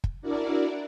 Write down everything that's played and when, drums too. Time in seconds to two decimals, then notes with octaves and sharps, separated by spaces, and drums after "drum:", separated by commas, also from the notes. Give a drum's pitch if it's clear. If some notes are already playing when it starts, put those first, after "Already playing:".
0.04 drum: kick
0.22 D4 E4 F#4 A#4 D5